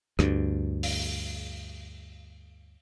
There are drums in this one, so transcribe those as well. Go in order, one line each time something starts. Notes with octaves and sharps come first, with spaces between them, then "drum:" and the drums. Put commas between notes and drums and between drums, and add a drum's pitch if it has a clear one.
D2 G2, drum: rim click
drum: open hi-hat